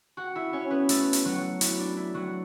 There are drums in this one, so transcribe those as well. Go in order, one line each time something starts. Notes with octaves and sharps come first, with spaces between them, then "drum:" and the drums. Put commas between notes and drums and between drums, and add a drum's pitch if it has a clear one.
F#4 F#5
E4 E5
C#4 C#5
B3 B4
A3 A4, drum: hi-hat
drum: hi-hat
F#3 F#4
E4, drum: hi-hat
D4
E4
F#3 F#4